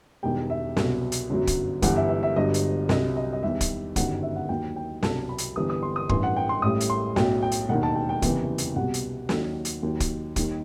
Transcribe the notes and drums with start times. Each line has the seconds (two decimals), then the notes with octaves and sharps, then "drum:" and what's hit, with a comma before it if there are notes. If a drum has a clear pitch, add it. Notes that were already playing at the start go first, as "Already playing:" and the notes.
0.23 E1 E2 D#3 G3 G5
0.50 E5
0.77 C2 B2 F#3, drum: snare
1.12 drum: hi-hat
1.30 G1 F#2 F#3
1.47 drum: kick, hi-hat
1.82 G1 G2 E3 F#5, drum: kick, hi-hat
1.96 E5
2.09 E5
2.23 E5
2.36 G1 G2 F#3 D#5
2.54 drum: hi-hat
2.89 C2 C3 F#3 D#5, drum: snare
3.16 D#5
3.33 D#5
3.43 E2 D#3 G3 E5
3.61 drum: kick, hi-hat
3.96 G1 F#2 D#3 G3 F#5, drum: kick, hi-hat
4.23 E5
4.36 F#5
4.49 D#2 D#3 F#3 G5
4.76 G5
5.03 C2 B2 F#3 A5, drum: snare
5.29 B5
5.38 drum: hi-hat
5.56 G1 G2 E3 G3 D#6
5.70 D#6
5.83 C6
5.96 D#6
6.09 A1 G2 E3 C6, drum: kick
6.23 F#5
6.37 G5
6.49 C6
6.62 A1 A2 G3 D#6
6.80 drum: hi-hat
6.90 C6
7.16 B1 A2 F#3 G5, drum: snare
7.42 G5
7.52 drum: hi-hat
7.69 E1 D#2 D#3 F#5
7.83 A5
7.96 G5
8.09 G5
8.22 F#1 E2 C3 E3, drum: kick, hi-hat
8.58 drum: hi-hat
8.76 C2 B2 G3 F#5
8.94 drum: hi-hat
9.29 D#2 D#3 F#3, drum: snare
9.65 drum: hi-hat
9.83 D#2 D#3 F#3
10.00 drum: kick, hi-hat
10.36 D#2 D#3 G3, drum: kick, hi-hat